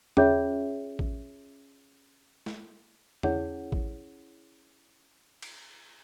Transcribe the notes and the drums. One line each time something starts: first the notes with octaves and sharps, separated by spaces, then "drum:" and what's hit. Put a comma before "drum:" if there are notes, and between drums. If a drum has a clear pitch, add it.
C#4 F4 G#4 C#5 E5, drum: tom E2
drum: kick A1
drum: snare
C#4 E4 G#4 C#5 F#5, drum: tom E2
drum: kick A1
drum: cymbal